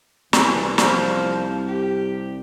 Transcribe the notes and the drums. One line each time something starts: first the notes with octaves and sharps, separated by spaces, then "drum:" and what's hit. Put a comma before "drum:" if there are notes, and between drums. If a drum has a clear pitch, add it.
C2 E3, drum: snare
F3, drum: snare
G4